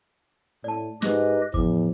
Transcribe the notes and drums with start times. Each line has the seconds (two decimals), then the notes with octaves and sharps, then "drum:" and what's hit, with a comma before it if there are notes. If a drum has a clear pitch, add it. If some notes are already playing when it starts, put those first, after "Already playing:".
0.64 A2 D5 A5
1.02 G#2 G4 B4 D#5, drum: snare
1.54 E2 A2 F3 D6, drum: kick